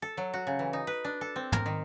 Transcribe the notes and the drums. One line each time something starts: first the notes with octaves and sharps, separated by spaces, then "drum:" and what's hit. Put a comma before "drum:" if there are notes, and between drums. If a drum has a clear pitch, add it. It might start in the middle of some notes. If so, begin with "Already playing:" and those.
A4
F#3
F#4
C#3
E3
D#4
B4
D4
A4
C4
A#4, drum: tom
D#3